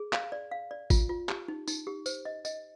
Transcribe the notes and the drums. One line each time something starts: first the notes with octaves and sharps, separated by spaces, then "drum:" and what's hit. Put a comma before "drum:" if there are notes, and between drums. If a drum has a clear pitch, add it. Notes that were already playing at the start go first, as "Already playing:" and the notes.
Already playing: G#4
F5, drum: clap
D5
F5
D5
F4, drum: kick G#1, tambourine
F4
G4, drum: clap
D#4
D#4, drum: tambourine
G4
C5, drum: tambourine
D#5
D#5, drum: tambourine